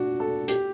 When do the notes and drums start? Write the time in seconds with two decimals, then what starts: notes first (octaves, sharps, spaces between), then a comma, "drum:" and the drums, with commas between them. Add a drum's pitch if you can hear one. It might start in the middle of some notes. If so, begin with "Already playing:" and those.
Already playing: D4 F#4
0.20 A4
0.48 G4, drum: hi-hat